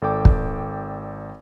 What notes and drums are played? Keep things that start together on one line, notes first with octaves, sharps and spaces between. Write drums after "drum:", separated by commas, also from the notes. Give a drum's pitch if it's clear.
G#1 A4 D5 G5 D6
drum: kick